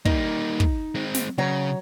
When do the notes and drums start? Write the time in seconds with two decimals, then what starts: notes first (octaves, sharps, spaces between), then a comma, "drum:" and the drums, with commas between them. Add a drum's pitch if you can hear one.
0.05 G3 A#3 D#4, drum: kick
0.60 drum: kick
0.95 G#3 C4
1.14 drum: snare
1.38 C#3 F#3 C#5 A#5